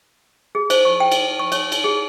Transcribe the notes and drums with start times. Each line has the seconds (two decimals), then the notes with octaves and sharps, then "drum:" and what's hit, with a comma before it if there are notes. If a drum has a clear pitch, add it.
0.55 G#4
0.70 C5, drum: cymbal
0.85 C#6
1.00 G5
1.12 drum: cymbal
1.39 C#6
1.52 C#5, drum: cymbal
1.72 drum: cymbal
1.84 G#4